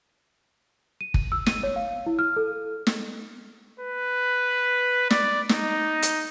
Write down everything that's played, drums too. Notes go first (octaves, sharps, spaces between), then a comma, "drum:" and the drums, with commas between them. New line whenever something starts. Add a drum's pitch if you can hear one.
D#7
drum: kick
E6
D#7, drum: snare
C#5
F5
E4
F6
A4
drum: snare
B4
D5, drum: snare
D#4, drum: snare
drum: hi-hat